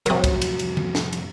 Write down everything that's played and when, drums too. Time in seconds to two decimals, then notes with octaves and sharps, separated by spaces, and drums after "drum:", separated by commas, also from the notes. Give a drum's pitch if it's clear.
0.06 C2 F2 C3 F#3 A#4, drum: cymbal
0.24 drum: kick, cymbal
0.42 drum: cymbal
0.59 drum: cymbal
0.77 drum: tom D3
0.95 drum: snare
1.13 drum: cymbal